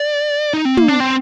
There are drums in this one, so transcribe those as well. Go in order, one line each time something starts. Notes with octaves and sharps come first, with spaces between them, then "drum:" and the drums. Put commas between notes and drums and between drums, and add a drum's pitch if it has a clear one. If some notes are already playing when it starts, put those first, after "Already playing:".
Already playing: D5
D#4
C4
A#3, drum: tom
D4
C4